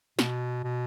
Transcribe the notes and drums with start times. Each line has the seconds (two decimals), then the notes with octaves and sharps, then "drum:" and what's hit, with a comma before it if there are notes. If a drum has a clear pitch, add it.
0.19 B2, drum: snare
0.64 B2